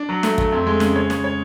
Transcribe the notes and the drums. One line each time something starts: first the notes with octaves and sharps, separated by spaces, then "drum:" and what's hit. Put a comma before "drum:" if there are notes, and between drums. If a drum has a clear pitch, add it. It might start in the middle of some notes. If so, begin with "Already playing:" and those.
Already playing: D4
F#3
A3, drum: snare
A3, drum: kick
F2
G#3
C#3, drum: snare
C#5
C#5, drum: snare
C#5